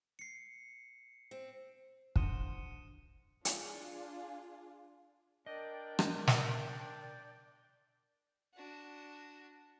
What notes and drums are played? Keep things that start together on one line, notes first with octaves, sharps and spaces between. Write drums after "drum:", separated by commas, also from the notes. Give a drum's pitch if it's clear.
C7 C#7
C4
D4 F#4 C5 D#6 C#7 D#7 E7 G7, drum: kick
D4 F4 G#4, drum: hi-hat
D4 A#4 D5 D#5 G5
drum: rim click
drum: snare
D4 F#4